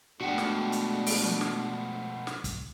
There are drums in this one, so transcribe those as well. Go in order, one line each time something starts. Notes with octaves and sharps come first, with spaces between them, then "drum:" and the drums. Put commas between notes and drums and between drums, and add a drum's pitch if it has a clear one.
B2 F3 G#3 A3 D4 F#4 F#5 G5
drum: snare
drum: hi-hat
drum: open hi-hat
drum: tom
drum: snare
drum: snare
drum: kick, hi-hat